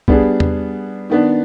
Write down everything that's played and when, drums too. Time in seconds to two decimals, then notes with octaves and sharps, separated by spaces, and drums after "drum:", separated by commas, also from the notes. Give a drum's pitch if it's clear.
0.08 G3 B3 D4 G#4, drum: kick C2
0.40 drum: tom E2
1.10 D#3 B3 D4